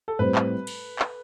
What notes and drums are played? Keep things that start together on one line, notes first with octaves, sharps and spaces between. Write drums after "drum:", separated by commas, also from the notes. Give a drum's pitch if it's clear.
A4
A2 G3 C4 G4 B4 C5
drum: clap
drum: cymbal
drum: clap